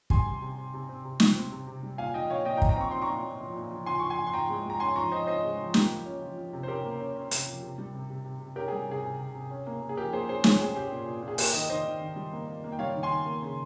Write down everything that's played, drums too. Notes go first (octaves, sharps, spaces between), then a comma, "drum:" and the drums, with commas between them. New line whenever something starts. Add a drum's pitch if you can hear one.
G3 G#5 C6, drum: kick
C3
C3
C3
C3
C4
C3
G3, drum: snare
C4
C3
C3
G3
A#2 F5 G#5
F3 D#5 G5
A#2 C#5 F5
A#2 D#5 G5
G5 A#5
F3, drum: kick
G5 A#5
C4 C#6
C4 C6
A#5 C#6
A#2
A#2
F3
A#2
F3
F3 G#5 C6
F3 C#6
G#5 C6
F3
C6
F3 G5 A#5
G#3
G#3 A#5
C#4 G#5 C6
F3 A#5 C#6
F3 C5 D#5
C#4 C5 D#5
G#3
F3
A#3 G4, drum: snare
F3
C#4
F3
F3
C3
C5
C#4 G4 A#4
A#3
C#4
C#4
C3, drum: hi-hat
F3
C3
G3
C3
C3
C3
C3
C#4 G4 A#4
G#4
G3
C3 G#4
C3
C3
C3
C#4
A#3
A#3
G#4
F3 G4 A#4
A#3 G#4 C5
C#4 G#4 C5
C#4 G#4 C5, drum: snare
C#4 G#4
C#4 G4
A#2
A#2
A#2
G#4
A#3 G4 A#4, drum: open hi-hat
D#3 D#5 G5
D#3 C5 D#5
D#3
D#3
G3
A#3
A#3
A#3
G5
G3 C#5 F5
D#3
G#5 C6
D#3
A#3
C#3